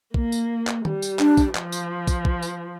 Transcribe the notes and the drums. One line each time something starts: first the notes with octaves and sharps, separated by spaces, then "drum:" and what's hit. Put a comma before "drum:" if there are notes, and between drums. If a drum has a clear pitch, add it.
A#3, drum: kick
drum: tambourine
drum: clap
G3, drum: tom
drum: tambourine
D4, drum: clap
drum: kick, tambourine
F3, drum: clap
drum: tambourine
drum: kick, tambourine
drum: kick
drum: tambourine